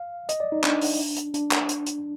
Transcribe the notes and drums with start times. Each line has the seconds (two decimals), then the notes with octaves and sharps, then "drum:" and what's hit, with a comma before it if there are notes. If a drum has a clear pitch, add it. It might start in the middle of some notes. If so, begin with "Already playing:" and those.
Already playing: F5
0.29 D#5, drum: hi-hat
0.40 D5
0.52 D#4
0.64 D4, drum: clap
0.81 drum: open hi-hat
1.16 drum: hi-hat
1.34 D4, drum: hi-hat
1.51 drum: clap
1.69 drum: hi-hat
1.86 drum: hi-hat